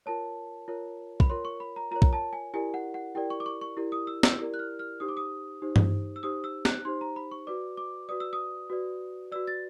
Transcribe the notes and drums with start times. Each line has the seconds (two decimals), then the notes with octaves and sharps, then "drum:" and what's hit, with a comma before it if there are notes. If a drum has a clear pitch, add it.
0.06 F4 A#4 C#5 A5
0.68 F4 A#4 C#5
1.20 B5, drum: kick
1.30 F4 A#4 C#5 C6
1.45 C#6
1.60 B5
1.76 A#5
1.91 F4 A#4 C#5 A#5
2.02 drum: kick
2.13 A5
2.33 G#5
2.54 E4 G4 A#4 D5 G#5
2.74 F#5
2.94 F#5
3.15 E4 G4 A#4 D5 G5
3.30 C#6
3.40 D6
3.46 C#6
3.61 C#6
3.77 E4 G4 A#4 D5
3.92 D#6
4.07 E6
4.23 E6, drum: snare
4.39 E4 G4 A#4 D5
4.54 F#6
4.59 F6
4.79 F6
5.00 D#4 G4 C5 D#6
5.09 D6
5.17 D#6
5.62 D#4 G4 C5
5.76 drum: tom G2
6.16 E6
6.23 D#4 G4 C5 D#6
6.44 E6
6.65 F#6, drum: snare
6.85 D#4 G4 C5 C6
7.01 A#5
7.16 B5
7.32 C#6
7.47 F#4 B4 D5 D6
7.77 D6
8.09 F#4 B4 D5 D#6
8.20 E6
8.33 D#6
8.70 F#4 B4 D5
9.32 F#4 B4 D5 E6
9.47 A6